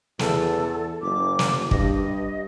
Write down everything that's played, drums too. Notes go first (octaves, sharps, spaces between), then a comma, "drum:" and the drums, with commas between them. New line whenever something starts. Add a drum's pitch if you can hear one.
E2 A4, drum: snare
F#1 D6
drum: snare
G2 D#5, drum: kick